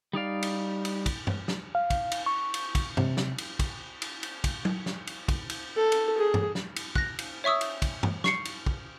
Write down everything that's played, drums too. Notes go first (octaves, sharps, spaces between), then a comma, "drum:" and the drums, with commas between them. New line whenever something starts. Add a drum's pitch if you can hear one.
G3 D#4 D5 F5
drum: cymbal
drum: cymbal
drum: kick, cymbal
drum: tom G2
drum: snare
F5
drum: kick, cymbal
drum: cymbal
C#6
drum: cymbal
drum: kick, cymbal
C3, drum: tom G2
drum: snare
drum: cymbal
drum: kick, cymbal
drum: cymbal
drum: cymbal
drum: kick, cymbal
drum: tom
drum: snare
drum: cymbal
drum: kick, cymbal
drum: cymbal
A4
drum: cymbal
G#4
drum: tom G2
drum: snare
drum: cymbal
F#6 A#6, drum: kick
drum: cymbal
C#5 E5 C#6 D#6 E6
drum: cymbal
drum: kick, cymbal
drum: tom G2
C#6 C7 C#7, drum: snare
drum: cymbal
drum: kick